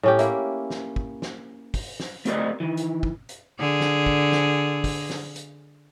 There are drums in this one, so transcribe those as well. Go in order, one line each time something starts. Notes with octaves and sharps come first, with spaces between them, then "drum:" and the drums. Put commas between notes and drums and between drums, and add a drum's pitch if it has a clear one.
A2 C#4 G4
A#3 E4, drum: hi-hat
drum: snare
drum: kick
drum: snare
drum: kick, open hi-hat
drum: snare
A3 C4 G4 A#4 D5 D#5, drum: hi-hat
D#3 E3
drum: hi-hat
drum: kick
drum: hi-hat
D3 G#4
drum: snare
drum: kick
drum: snare
drum: kick, open hi-hat
drum: snare
drum: hi-hat